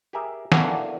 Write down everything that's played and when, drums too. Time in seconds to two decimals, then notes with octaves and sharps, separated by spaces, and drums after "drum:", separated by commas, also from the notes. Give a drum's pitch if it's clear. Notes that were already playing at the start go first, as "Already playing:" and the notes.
0.13 G4 G#4 A#4 E5
0.52 E2 D3 A#3 F#4 G#5, drum: snare